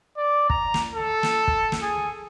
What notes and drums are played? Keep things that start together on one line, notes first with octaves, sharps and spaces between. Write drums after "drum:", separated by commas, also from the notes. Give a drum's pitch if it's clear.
D5
A#5, drum: kick
drum: snare
A4
drum: snare
drum: kick
drum: snare
G#4